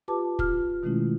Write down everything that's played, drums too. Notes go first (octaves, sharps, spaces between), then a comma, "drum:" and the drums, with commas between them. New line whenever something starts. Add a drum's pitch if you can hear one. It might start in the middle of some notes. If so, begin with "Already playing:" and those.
F4 G4 B4 A5 D6
F4 F6, drum: kick
B2 D#3 G#3 A3 C#4 E4